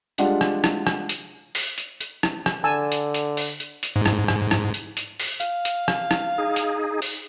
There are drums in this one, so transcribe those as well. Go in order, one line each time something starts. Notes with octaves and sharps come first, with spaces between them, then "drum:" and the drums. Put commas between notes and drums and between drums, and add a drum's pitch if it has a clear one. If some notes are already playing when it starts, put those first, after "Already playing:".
G3 G#3 D4 F4 F#5, drum: hi-hat
drum: rim click
drum: rim click
drum: rim click
drum: hi-hat
drum: open hi-hat
drum: hi-hat
drum: hi-hat
drum: rim click
drum: rim click
D3 G#5 A5 E6
drum: hi-hat
drum: hi-hat
drum: open hi-hat
drum: hi-hat
drum: hi-hat
G#2
drum: rim click
drum: rim click
drum: rim click
drum: hi-hat
drum: hi-hat
drum: open hi-hat
F5, drum: hi-hat
drum: hi-hat
drum: rim click
drum: rim click
D#4 G#4
drum: hi-hat
drum: open hi-hat